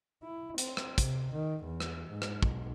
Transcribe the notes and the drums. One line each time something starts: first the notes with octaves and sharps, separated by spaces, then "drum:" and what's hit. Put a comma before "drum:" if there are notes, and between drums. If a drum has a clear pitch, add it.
E4
C4, drum: hi-hat
drum: rim click
C3, drum: kick, hi-hat
D#3
E2
drum: rim click
G#2
drum: rim click
B1, drum: kick